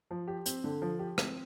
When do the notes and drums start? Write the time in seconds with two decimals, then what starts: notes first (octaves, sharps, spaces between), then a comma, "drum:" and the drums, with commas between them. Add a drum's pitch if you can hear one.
0.11 F3
0.28 G4
0.46 C4, drum: hi-hat
0.64 D3
0.82 F3
0.99 G4
1.18 C4, drum: rim click